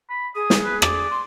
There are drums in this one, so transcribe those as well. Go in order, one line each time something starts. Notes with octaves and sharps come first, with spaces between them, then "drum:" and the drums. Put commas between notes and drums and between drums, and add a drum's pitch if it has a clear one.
B5
G#4 D#6
drum: snare
B4
D5, drum: rim click
C6